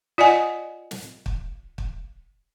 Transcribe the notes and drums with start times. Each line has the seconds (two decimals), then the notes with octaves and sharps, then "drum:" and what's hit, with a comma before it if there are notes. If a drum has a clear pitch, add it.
0.18 F4 D5 D#5 F#5 G#5
0.91 drum: snare
1.26 drum: kick
1.78 drum: kick